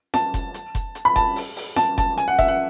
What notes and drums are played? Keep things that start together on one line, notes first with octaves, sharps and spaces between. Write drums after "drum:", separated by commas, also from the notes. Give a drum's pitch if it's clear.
A5, drum: snare F4
drum: kick F1, hi-hat
drum: hi-hat
drum: kick F1, hi-hat
drum: hi-hat
B5
A5, drum: kick F1, hi-hat
drum: open hi-hat
drum: open hi-hat
A5, drum: snare F4
A5, drum: kick F1, hi-hat
G#5, drum: hi-hat
F#5
E5, drum: kick F1, hi-hat
F#5